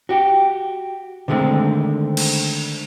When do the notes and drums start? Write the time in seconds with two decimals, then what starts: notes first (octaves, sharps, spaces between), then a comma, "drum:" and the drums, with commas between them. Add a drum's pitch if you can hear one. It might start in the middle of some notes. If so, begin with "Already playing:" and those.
0.09 F#4 G4
1.28 D3 D#3 G#3 A3 C4
2.17 drum: cymbal